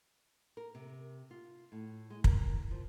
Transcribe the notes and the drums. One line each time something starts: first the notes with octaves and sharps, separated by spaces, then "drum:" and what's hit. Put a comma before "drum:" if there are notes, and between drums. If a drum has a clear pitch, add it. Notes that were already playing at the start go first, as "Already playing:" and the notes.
A#4
C3
F4
A2
G#3
A#4, drum: kick
F3